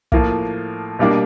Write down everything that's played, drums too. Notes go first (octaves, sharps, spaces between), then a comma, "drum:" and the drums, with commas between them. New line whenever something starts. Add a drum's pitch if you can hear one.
A2 F3 A#3, drum: kick
B2 G3 A#3 D4